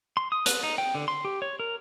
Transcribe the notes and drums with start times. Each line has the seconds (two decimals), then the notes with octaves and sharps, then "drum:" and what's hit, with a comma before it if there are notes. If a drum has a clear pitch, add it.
0.17 C6
0.32 D#6
0.46 B4, drum: hi-hat
0.63 D#4
0.78 G5
0.95 D3
1.08 C6
1.25 G4
1.42 C#5
1.60 A#4